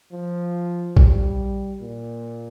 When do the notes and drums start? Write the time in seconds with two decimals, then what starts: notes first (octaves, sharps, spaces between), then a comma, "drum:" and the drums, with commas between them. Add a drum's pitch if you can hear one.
0.12 F3
0.97 G3, drum: kick A#1
1.80 A#2